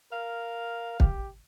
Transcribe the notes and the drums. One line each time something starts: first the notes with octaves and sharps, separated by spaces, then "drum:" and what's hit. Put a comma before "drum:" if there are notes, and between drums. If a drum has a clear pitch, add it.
A#4 F5
G4, drum: kick